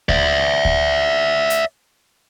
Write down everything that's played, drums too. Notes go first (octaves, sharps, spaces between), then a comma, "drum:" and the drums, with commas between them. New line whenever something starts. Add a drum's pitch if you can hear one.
D5 E5, drum: kick D2
drum: kick D2
drum: hi-hat